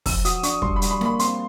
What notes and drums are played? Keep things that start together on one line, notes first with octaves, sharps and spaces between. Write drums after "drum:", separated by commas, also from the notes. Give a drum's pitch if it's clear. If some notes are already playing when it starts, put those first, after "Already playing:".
F3 E6, drum: kick, open hi-hat
F#4 D#6, drum: hi-hat
D4 C#6, drum: hi-hat
G3 C6, drum: kick
B5
G3, drum: hi-hat
B5
A#3 B5, drum: snare
C4 C6, drum: hi-hat